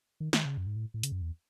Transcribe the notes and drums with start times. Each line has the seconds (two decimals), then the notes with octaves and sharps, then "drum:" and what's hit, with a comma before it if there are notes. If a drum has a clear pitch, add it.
0.20 D#3
0.33 D#3, drum: snare
0.45 C#3
0.57 F#2
0.67 G#2
0.76 A2
0.94 A2
1.03 C#3, drum: hi-hat
1.12 F#2
1.22 E2